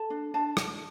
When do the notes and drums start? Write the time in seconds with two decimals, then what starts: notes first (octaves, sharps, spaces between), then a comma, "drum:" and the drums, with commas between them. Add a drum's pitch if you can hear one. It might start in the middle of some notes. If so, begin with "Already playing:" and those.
Already playing: A4 A5
0.10 D4
0.34 D4 A5
0.57 drum: rim click